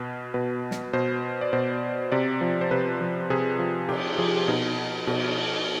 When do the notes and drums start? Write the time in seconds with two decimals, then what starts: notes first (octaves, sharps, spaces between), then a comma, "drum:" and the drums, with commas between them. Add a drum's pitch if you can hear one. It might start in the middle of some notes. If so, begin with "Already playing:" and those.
Already playing: B2 B4
0.34 B2 B4
0.71 drum: snare
0.93 B2 C5
1.41 D5
1.53 B2 C5
2.12 C3 D5
2.41 F3
2.61 C5
2.71 C3 B4
3.01 F3
3.30 C3 G#4
3.59 F3
3.89 C3 G4, drum: cymbal
4.18 F3 G#4
4.48 B2 D#4
5.07 B2, drum: cymbal